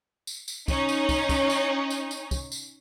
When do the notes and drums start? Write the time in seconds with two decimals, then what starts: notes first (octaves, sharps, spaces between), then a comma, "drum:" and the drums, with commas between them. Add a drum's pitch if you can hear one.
0.27 drum: tambourine
0.48 drum: tambourine
0.68 C#4 D#4, drum: kick, tambourine
0.89 drum: tambourine
1.09 drum: kick, tambourine
1.29 drum: kick, tambourine
1.50 drum: tambourine
1.90 drum: tambourine
2.11 drum: tambourine
2.31 drum: kick, tambourine
2.52 drum: tambourine